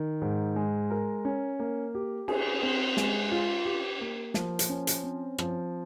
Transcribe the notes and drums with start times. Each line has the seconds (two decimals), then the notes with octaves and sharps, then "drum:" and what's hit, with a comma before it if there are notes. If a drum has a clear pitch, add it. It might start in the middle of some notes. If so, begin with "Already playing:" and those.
Already playing: D#3
0.22 G#2
0.56 G#3
0.90 A#4
1.25 C#4
1.59 A#3
1.95 G4
2.28 G#4, drum: cymbal
2.63 C4
2.97 G#3, drum: snare
3.32 F4
3.65 G4
4.01 A#3
4.34 F3, drum: snare
4.59 drum: hi-hat
4.69 C#4
4.87 drum: hi-hat
5.03 C4
5.38 F3, drum: rim click